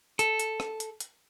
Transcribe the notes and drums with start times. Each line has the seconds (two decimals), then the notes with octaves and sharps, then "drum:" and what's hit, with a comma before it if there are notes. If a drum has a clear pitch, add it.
0.19 A4, drum: hi-hat
0.39 drum: hi-hat
0.60 drum: rim click
0.80 drum: hi-hat
1.00 drum: hi-hat